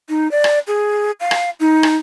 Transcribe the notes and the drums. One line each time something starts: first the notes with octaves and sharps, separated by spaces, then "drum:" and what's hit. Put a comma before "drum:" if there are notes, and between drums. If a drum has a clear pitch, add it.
D#4
D5
drum: rim click
G#4
F5
drum: rim click
D#4
drum: rim click